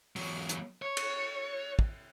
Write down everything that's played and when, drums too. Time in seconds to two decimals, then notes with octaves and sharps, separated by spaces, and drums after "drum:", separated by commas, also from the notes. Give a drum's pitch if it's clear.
0.16 E2 F#3, drum: open hi-hat
0.49 drum: hi-hat
0.82 C#5
0.97 drum: cymbal
1.79 drum: kick